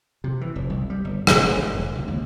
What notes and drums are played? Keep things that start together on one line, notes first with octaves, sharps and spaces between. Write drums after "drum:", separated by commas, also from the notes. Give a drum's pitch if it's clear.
C3
E3
F1
C2
G3
G1
F1, drum: rim click
A3
G#1
E1
C#2
D#2